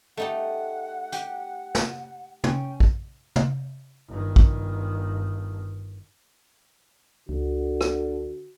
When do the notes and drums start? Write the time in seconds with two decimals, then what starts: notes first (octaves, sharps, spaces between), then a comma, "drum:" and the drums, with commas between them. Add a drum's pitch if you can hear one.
0.17 A3 D#4 G4 F#5
1.12 G4 G5, drum: hi-hat
1.75 drum: snare
2.44 C#4 G5, drum: tom
2.80 drum: kick A#1
3.36 drum: tom
4.08 G1 D#3
4.36 drum: kick A#1
7.29 C#2 D3 F#4
7.81 drum: rim click